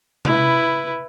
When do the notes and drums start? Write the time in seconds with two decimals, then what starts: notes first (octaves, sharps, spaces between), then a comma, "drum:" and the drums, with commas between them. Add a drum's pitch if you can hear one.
0.25 E4 B4, drum: tom C3